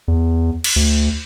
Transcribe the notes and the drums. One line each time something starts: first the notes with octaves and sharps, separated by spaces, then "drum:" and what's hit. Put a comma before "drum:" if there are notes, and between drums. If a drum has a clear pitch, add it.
E2
drum: cymbal
D2